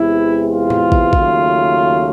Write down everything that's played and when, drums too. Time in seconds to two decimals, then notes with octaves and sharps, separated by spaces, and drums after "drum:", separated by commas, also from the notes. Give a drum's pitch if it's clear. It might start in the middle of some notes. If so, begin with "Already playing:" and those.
Already playing: E2 C3 E3 G#3 E4
0.49 F4
0.70 drum: tom
0.92 drum: kick
1.13 D#2 C#3 F#3 A3, drum: kick